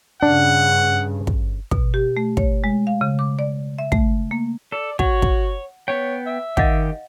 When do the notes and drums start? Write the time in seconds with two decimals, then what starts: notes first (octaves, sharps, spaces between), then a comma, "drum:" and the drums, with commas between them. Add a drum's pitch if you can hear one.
0.23 G2 C#3 D4 F#5
1.27 drum: kick
1.71 B2, drum: kick
1.94 G4
2.17 A3
2.37 C#5, drum: kick
2.64 G#3
2.87 F5
3.01 C#3
3.19 D6
3.39 D5
3.79 E5
3.92 A3, drum: kick
4.31 A#3
4.72 A4 D5
4.99 F#4 C#5 F#5, drum: kick
5.22 drum: kick
5.88 B3 C#5 G5
6.26 E5
6.57 D#3 G4 D#5 F5 F#5, drum: kick